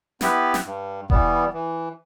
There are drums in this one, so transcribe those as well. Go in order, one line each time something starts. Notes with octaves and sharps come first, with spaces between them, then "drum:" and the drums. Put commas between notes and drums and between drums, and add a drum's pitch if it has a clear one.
B3 E4 G4 B4, drum: snare
drum: snare
G2
E3 G3 B3, drum: kick E1
E3